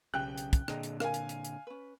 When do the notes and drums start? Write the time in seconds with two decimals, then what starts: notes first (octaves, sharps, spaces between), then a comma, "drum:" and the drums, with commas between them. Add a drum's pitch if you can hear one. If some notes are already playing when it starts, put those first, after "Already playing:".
0.14 B1 C#3 G4 G5 F#6
0.38 drum: hi-hat
0.53 drum: kick, hi-hat
0.68 A#2 D3 G#4 D#5 A#5, drum: rim click
0.83 drum: hi-hat
1.00 A#4 F5 G#5, drum: rim click
1.14 drum: hi-hat
1.29 drum: hi-hat
1.44 drum: hi-hat
1.67 C#4 B4